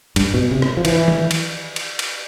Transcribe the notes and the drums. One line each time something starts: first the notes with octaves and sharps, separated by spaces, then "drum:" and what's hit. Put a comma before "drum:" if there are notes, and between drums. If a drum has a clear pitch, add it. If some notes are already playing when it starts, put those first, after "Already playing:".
G2, drum: cymbal
B2
C3
drum: rim click
F3
E3, drum: cymbal
drum: tom D#3
drum: cymbal
drum: cymbal
drum: cymbal